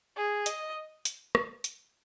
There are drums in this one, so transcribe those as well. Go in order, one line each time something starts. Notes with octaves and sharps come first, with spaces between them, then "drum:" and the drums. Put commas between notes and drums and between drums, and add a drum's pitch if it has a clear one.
G#4
D#5, drum: hi-hat
drum: hi-hat
drum: rim click
drum: hi-hat